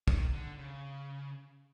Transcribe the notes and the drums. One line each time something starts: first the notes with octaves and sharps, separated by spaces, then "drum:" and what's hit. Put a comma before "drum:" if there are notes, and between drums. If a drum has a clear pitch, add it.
D#3, drum: kick
D3
C#3